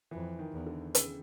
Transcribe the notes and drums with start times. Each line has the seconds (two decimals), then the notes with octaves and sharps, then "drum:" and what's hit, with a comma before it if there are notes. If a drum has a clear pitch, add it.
0.11 F2 E3
0.39 D#3
0.53 E2
0.66 D3
0.95 C#3, drum: hi-hat